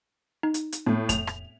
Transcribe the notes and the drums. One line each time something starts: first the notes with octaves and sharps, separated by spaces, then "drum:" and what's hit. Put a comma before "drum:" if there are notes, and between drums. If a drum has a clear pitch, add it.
D#4
drum: hi-hat
drum: hi-hat
A2
F7, drum: kick F2, hi-hat
drum: rim click